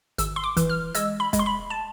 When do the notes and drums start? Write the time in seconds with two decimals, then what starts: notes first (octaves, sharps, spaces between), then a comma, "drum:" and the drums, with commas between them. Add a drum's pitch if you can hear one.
0.18 G#1 E6, drum: hi-hat
0.36 C6
0.44 D6
0.57 E3, drum: kick, hi-hat
0.69 F6
0.95 G#3 E6, drum: hi-hat
1.20 B5
1.33 G#3, drum: kick, hi-hat
1.39 C6
1.46 B5
1.70 A5